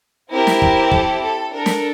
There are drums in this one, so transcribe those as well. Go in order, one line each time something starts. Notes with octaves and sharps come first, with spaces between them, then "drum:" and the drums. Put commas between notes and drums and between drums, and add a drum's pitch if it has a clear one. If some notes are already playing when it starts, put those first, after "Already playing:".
C4 E4 G4 A#4
drum: snare
drum: kick
A4, drum: kick
A4
D4 A4 A#4
drum: snare